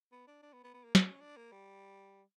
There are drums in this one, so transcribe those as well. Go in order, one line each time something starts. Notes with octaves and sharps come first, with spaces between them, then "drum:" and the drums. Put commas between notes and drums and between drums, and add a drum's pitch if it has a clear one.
B3
D4
D4
B3
B3
B3
A#3
A#3, drum: snare
C#4
D4
A#3
G3